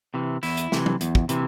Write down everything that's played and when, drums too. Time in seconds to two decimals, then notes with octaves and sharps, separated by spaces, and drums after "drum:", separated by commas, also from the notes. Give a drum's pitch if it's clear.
0.14 C3 E3
0.43 E2 E4, drum: open hi-hat
0.57 drum: hi-hat
0.72 C3 E3, drum: snare
0.86 drum: tom F#3
1.01 E2, drum: hi-hat
1.15 drum: kick
1.29 C3 E3, drum: hi-hat